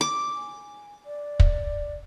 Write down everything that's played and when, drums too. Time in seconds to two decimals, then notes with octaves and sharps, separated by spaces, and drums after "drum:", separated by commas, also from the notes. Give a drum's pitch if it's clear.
0.01 D6
0.34 G#5
1.06 D5
1.40 drum: kick